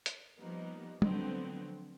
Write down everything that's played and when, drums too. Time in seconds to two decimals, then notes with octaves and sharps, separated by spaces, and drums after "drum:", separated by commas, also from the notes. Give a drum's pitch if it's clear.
0.06 drum: hi-hat
0.39 F3 G3 A#3 B3 D#4
1.02 D3 F3 F#3 A3 B3 C4, drum: tom